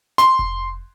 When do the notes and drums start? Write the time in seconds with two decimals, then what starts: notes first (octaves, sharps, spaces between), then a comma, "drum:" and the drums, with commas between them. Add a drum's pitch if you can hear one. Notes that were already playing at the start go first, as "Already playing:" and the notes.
0.18 C6, drum: snare
0.39 drum: kick F1